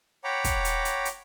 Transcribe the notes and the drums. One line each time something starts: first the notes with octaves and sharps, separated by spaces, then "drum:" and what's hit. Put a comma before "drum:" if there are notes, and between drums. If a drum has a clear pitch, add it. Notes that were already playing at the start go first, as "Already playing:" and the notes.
C#5 F#5 G5 A#5 B5 D6
drum: kick, hi-hat
drum: hi-hat
drum: hi-hat
drum: hi-hat